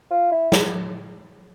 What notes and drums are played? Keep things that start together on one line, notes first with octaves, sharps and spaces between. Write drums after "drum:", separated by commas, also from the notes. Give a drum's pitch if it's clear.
F4
E4
drum: snare